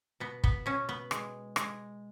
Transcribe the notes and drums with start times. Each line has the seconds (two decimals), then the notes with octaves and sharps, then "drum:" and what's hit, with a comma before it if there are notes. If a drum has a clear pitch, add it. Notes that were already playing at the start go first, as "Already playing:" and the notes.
0.20 B2 B3
0.44 B3, drum: kick
0.66 B2 C#4
0.89 B3
1.11 G#3, drum: rim click
1.56 G#3, drum: rim click